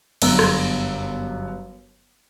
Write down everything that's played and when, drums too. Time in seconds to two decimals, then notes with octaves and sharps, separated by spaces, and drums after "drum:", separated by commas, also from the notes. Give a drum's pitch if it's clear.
0.22 G1 F#2 B3 D4 A#5 E6, drum: cymbal
0.39 drum: rim click